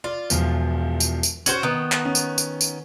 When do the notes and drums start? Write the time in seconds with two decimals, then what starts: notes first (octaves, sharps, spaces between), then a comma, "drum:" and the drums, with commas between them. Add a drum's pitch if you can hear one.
0.04 F4 D5
0.30 E1 E2 F3, drum: tambourine
1.00 drum: tambourine
1.23 drum: tambourine
1.46 C#4 F#4 C5 F#7, drum: tambourine
1.63 D#3 B3
1.92 drum: clap
2.05 C#4
2.15 drum: tambourine
2.38 drum: tambourine
2.61 drum: tambourine